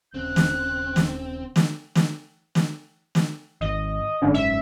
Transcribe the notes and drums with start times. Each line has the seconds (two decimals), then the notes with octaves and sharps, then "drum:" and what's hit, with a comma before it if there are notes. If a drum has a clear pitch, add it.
0.14 D#1 C#3 C4 F#6
0.36 drum: snare
0.96 drum: snare
1.56 drum: snare
1.95 drum: snare
2.55 drum: snare
3.15 drum: snare
3.61 G#1 D#5
4.22 F#1 G#2 D3 C#4
4.34 E5